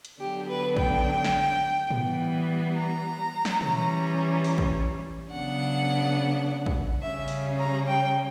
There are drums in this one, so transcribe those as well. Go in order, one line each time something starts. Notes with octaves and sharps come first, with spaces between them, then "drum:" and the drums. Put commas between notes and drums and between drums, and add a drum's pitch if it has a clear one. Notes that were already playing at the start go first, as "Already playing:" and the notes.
drum: hi-hat
D3 F#3 B3 D4 G4
B4
G5, drum: kick
drum: snare
E3 G3 B3, drum: tom
A#5
drum: snare
E3 G3 C#4, drum: tom
drum: open hi-hat
drum: kick
C#3 F#3 B3 D4 F#5
drum: kick
C#3 G3 C#4 E5
drum: open hi-hat
A#5
G5